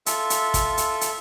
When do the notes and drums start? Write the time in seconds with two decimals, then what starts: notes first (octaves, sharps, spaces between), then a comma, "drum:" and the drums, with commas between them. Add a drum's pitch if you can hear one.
0.06 F4 A4 E5, drum: hi-hat
0.30 drum: hi-hat
0.54 drum: kick, hi-hat
0.78 drum: hi-hat
1.01 drum: hi-hat